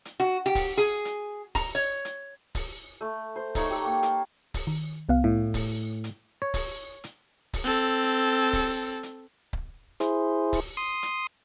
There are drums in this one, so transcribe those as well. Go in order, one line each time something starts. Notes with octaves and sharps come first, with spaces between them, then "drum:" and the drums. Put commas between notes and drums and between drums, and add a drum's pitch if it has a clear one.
drum: hi-hat
F#4
G4
drum: kick C#1, open hi-hat
G#4
drum: hi-hat
A#5, drum: kick C#1, open hi-hat
C#5
drum: hi-hat
drum: kick C#1, open hi-hat
A3
C5
A3 D#4 C#5 F5, drum: kick C#1, open hi-hat
G4 A4 A#4
A#3
F5 A5, drum: hi-hat
drum: kick C#1, open hi-hat
D#3
C2 B3 F5
A2 E4
drum: kick C#1, open hi-hat
drum: hi-hat
C#5
drum: kick C#1, open hi-hat
drum: hi-hat
drum: kick C#1, open hi-hat
C4 A4
drum: hi-hat
drum: kick C#1, open hi-hat
drum: hi-hat
drum: kick C#1
E4 G#4 C5, drum: hi-hat
drum: kick C#1, open hi-hat
C6 D#6
drum: hi-hat